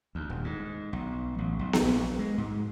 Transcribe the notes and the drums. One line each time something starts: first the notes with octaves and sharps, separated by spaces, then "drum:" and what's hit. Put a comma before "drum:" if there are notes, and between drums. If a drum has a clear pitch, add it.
D2
D#1
G#2
B1
A1
B1
drum: snare B3
A#1
G#3
G#2